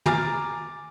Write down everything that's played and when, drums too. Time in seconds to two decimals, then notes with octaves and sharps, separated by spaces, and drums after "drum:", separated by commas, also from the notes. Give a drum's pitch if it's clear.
0.06 G#5 A#5 D6 F6 A6, drum: tom